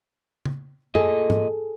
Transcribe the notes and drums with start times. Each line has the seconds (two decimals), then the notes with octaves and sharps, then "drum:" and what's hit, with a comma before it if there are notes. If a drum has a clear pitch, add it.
0.45 drum: tom
0.95 A#2 G#4 A4 D#5, drum: tom F#2
1.30 drum: tom G#2